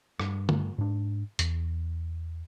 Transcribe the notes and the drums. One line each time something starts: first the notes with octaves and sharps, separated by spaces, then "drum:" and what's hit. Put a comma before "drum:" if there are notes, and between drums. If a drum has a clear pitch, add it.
G2, drum: rim click
drum: tom D3
G#2 D4
E2, drum: hi-hat